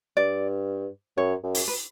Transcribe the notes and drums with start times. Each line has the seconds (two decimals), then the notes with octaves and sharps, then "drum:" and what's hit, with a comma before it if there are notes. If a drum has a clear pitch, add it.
0.17 G2 D5
1.17 F#2 C#5
1.43 F#2
1.55 drum: open hi-hat
1.68 B4